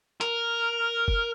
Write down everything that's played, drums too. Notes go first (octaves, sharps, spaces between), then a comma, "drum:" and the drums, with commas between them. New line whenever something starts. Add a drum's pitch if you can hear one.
A#4, drum: hi-hat
drum: kick F#1